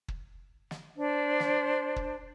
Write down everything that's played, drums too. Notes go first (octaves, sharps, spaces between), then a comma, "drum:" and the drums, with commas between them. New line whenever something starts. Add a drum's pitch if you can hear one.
drum: kick
drum: snare
D4 C5
drum: snare
drum: kick